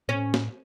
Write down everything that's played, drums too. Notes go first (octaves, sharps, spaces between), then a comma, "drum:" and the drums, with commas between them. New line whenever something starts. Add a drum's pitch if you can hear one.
A2 C#4
drum: snare